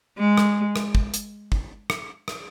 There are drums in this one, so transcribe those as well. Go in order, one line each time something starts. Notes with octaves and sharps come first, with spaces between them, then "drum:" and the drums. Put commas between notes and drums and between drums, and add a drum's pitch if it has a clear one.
G#3
drum: rim click
drum: rim click
drum: kick
drum: hi-hat
drum: kick
drum: rim click
drum: rim click